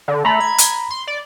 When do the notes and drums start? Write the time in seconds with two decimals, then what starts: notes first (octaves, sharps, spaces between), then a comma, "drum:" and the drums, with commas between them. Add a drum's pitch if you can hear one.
0.08 D3
0.25 A3 A#5 B5
0.40 G#6
0.58 drum: hi-hat
0.90 C6
1.07 D5